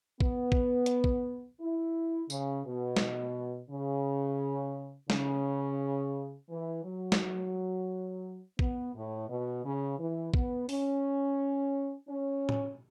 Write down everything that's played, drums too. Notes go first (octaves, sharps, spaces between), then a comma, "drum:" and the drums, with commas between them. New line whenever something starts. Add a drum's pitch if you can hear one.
B3, drum: kick
drum: kick
drum: hi-hat
drum: kick
E4
C#3, drum: tambourine
B2
drum: snare
C#3
C#3, drum: snare
E3
F#3
drum: snare
B3, drum: kick
A2
B2
C#3
E3
B3, drum: kick
C#4, drum: open hi-hat
C#4
drum: tom